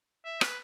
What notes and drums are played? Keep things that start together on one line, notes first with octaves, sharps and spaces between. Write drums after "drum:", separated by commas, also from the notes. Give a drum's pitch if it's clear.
E5
B4, drum: rim click